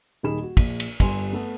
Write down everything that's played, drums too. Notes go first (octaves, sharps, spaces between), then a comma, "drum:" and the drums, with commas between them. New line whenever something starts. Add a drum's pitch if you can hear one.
D#1 D#3 G#4 B5 E7
F#4
A#1, drum: kick, cymbal
drum: cymbal
G1 G3 G#5 C6, drum: kick, cymbal
A3 B3 A4